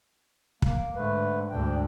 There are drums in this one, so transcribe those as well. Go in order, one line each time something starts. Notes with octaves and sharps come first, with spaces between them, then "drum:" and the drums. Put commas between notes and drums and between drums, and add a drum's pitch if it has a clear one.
A#3, drum: kick
G#2 D3 A3 B4
D2 G#2 D4 G5